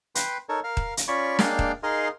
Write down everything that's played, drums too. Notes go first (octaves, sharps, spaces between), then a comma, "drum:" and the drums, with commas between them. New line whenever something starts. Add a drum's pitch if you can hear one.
B4 G5 C6, drum: hi-hat
D#4 A4 A#4 C#5
A#4 F5
drum: kick D#1
drum: hi-hat
C#4 F4 C#5 D5 B5 C#6
G#3 A#3 D4 D5 F5 G5, drum: snare
drum: kick D#1
D#4 G#4 A#4 D#5 F5 C6